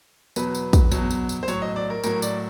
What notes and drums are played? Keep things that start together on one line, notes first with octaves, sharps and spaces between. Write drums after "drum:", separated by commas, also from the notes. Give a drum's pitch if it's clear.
E2 B2 F#3 B4, drum: tambourine
drum: tambourine
drum: kick, tambourine
E2 B2 F#3, drum: tambourine
drum: tambourine
drum: tambourine
C5
A2 F#3 C#5, drum: tambourine
D#5
D5
A#4
A2 F#3 A#4, drum: tambourine
D5, drum: tambourine